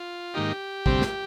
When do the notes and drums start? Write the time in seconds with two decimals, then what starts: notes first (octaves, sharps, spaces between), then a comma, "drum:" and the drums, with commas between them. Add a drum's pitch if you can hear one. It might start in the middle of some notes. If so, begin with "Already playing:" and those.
Already playing: F4
0.34 G#2 D#3 A#3 D#4 G4
0.86 D2 C3 G3 C4, drum: kick A1
1.02 drum: snare